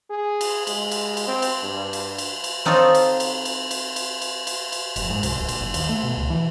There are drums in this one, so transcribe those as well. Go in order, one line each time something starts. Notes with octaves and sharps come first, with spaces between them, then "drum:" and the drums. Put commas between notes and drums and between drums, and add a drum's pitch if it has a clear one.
G#4
drum: cymbal
G#3, drum: cymbal
drum: cymbal
drum: cymbal
C4
drum: cymbal
G2
drum: cymbal
drum: cymbal
drum: cymbal
C4 D#4 F4 A4 C#5
drum: cymbal
drum: cymbal
drum: cymbal
drum: cymbal
drum: cymbal
drum: cymbal
drum: cymbal
drum: cymbal
F1, drum: cymbal
G#2
C2, drum: cymbal
D1
A#1, drum: cymbal
F#1
D#2, drum: cymbal
A3
B2
C#2
E3